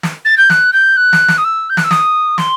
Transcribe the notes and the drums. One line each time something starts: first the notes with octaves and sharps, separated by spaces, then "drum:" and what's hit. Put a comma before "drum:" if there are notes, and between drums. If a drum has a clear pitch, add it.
drum: snare
A6
G6
F#6, drum: snare
G6
F#6
drum: snare
drum: snare
D#6
E6
G6
F#6, drum: snare
E6
D#6, drum: snare
C6, drum: snare